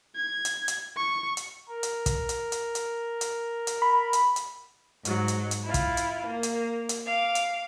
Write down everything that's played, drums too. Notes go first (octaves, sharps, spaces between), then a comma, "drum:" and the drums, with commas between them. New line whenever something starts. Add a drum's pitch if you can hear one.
G#6
drum: hi-hat
drum: hi-hat
C#6
drum: hi-hat
A#4
drum: hi-hat
drum: kick, hi-hat
drum: hi-hat
drum: hi-hat
drum: hi-hat
drum: hi-hat
drum: hi-hat
B5
drum: hi-hat
drum: hi-hat
G#2 F#3, drum: hi-hat
drum: hi-hat
drum: hi-hat
E4 F4
drum: kick, hi-hat
drum: hi-hat
A#3
drum: hi-hat
drum: hi-hat
F5 D6
drum: hi-hat